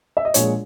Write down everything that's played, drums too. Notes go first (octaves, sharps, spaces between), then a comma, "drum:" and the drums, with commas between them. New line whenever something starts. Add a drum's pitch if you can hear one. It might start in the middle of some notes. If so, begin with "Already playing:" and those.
E5
D#5
A#1 A#2 G#3 C#5, drum: hi-hat